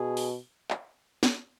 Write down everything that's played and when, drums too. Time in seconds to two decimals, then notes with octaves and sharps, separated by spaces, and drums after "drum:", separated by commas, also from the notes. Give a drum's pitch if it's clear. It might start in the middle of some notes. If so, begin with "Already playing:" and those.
Already playing: B2 G#4
0.17 drum: open hi-hat
0.70 drum: clap
1.23 drum: snare